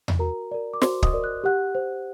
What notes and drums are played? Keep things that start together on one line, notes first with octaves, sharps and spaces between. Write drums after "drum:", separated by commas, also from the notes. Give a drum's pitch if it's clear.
drum: tom E2
F#4 A#4 A#5
A#4 D5
D6
F#4 C5 C6, drum: snare
D#5 D#6, drum: kick
A#4 D5
F#6
G4 F#5 F#6
C5